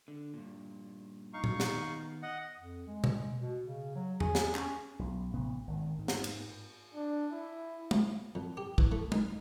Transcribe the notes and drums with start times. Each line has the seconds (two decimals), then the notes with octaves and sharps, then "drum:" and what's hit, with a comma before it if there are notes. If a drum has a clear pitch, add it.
0.08 D3
0.34 G2 A#2
1.33 D#4 F5 C#6
1.44 drum: tom A#2
1.60 drum: snare
1.71 D#3 B3
2.23 D#5 F#5
2.59 F2
2.87 G#3
3.04 drum: tom B2
3.41 B2
3.66 C#3
3.95 F#3
4.20 G#4, drum: tom E2
4.35 drum: snare
4.55 C#4, drum: clap
4.99 B1
5.34 A1 C3 B3
5.67 G#1 D#3
5.99 G#2
6.08 drum: snare
6.24 drum: cymbal
6.95 D4
7.32 E4
7.91 drum: tom
8.35 F2
8.57 G4
8.78 E3, drum: kick
8.92 A3
9.12 D#4, drum: tom